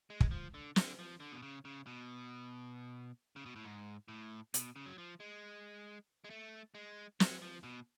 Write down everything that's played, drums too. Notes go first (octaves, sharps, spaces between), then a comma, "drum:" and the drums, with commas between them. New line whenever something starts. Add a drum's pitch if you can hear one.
G#3
drum: kick
F3
D3
D3, drum: snare
F3
D3
B2
C#3
C#3
B2
C#3
B2
A2
G#2
A2
B2, drum: hi-hat
C#3
F#3
F3
G#3
G#3
A3
G#3
F#3, drum: snare
F3
B2